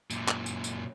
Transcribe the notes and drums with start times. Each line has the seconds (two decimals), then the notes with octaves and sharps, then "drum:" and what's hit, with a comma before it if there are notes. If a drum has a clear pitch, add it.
0.10 F#2 A#2, drum: tambourine
0.28 drum: clap
0.46 drum: tambourine
0.64 drum: tambourine